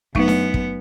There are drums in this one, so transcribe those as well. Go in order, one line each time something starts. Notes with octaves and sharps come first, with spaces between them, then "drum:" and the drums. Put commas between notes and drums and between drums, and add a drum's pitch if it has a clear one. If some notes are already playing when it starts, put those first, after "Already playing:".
F#2 F#3 A3 B3 D#4, drum: kick
drum: snare D4
drum: kick